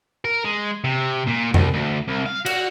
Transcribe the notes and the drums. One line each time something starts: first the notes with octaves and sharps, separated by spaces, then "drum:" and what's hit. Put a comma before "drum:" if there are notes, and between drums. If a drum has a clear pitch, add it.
A#4
G#3
C3
A#2
C2, drum: tom F2
D2
C2
F5
F#4, drum: cymbal